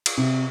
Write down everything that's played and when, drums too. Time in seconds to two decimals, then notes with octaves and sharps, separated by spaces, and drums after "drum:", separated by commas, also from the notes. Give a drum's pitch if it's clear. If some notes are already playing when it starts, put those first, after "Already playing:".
0.06 drum: cymbal
0.17 C3